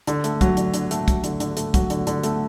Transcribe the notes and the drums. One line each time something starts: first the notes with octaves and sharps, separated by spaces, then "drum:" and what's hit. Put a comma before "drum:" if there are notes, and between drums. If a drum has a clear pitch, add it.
D3, drum: hi-hat
A3, drum: hi-hat
F#3, drum: kick, hi-hat
D3, drum: hi-hat
D3, drum: hi-hat
A3, drum: hi-hat
F#3, drum: kick, hi-hat
D3, drum: hi-hat
D3, drum: hi-hat
A3, drum: hi-hat
F#3, drum: kick, hi-hat
D3, drum: hi-hat
D3, drum: hi-hat
A3, drum: hi-hat